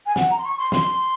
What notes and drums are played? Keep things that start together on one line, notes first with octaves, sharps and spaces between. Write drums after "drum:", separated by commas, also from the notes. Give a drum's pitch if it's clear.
G#5
F#5, drum: snare
A#5
C6
C#6
C6
C6, drum: snare